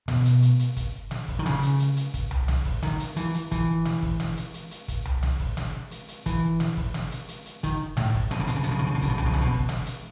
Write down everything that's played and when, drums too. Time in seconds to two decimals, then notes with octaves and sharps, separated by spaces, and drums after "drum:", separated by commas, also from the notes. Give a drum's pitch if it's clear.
0.08 B2, drum: snare
0.25 drum: hi-hat
0.42 drum: hi-hat
0.59 drum: hi-hat
0.77 drum: kick, hi-hat
1.11 drum: snare
1.28 drum: kick, open hi-hat
1.39 D#3
1.46 C#3, drum: snare
1.62 drum: hi-hat
1.79 drum: hi-hat
1.97 drum: hi-hat
2.14 drum: kick, hi-hat
2.31 drum: tom C2
2.48 drum: snare
2.65 drum: kick, open hi-hat
2.82 D#3, drum: snare
3.00 drum: hi-hat
3.16 E3, drum: hi-hat
3.34 drum: hi-hat
3.51 E3, drum: kick, hi-hat
3.85 drum: snare
4.03 drum: kick, open hi-hat
4.20 drum: snare
4.37 drum: hi-hat
4.54 drum: hi-hat
4.71 drum: hi-hat
4.88 drum: kick, hi-hat
5.05 drum: tom C2
5.23 drum: snare
5.40 drum: kick, open hi-hat
5.57 drum: snare
5.91 drum: hi-hat
6.08 drum: hi-hat
6.26 E3, drum: kick, hi-hat
6.60 drum: snare
6.77 drum: kick, open hi-hat
6.94 drum: snare
7.11 drum: hi-hat
7.28 drum: hi-hat
7.46 drum: hi-hat
7.63 D#3, drum: kick, hi-hat
7.97 A2, drum: snare
8.14 drum: kick, open hi-hat
8.31 B2, drum: snare
8.39 C#3
8.47 B2, drum: hi-hat
8.56 C#3
8.63 B2, drum: hi-hat
8.71 C#3
8.79 B2
8.87 C#3
8.95 B2
9.02 C#3, drum: kick, hi-hat
9.09 B2
9.18 C#3, drum: tom C2
9.26 B2
9.33 C#3, drum: snare
9.41 B2
9.52 drum: kick, open hi-hat
9.69 drum: snare
9.86 drum: hi-hat